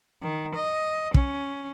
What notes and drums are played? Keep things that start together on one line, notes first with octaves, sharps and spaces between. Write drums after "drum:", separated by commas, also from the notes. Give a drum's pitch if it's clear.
D#3
D#5
C#4, drum: kick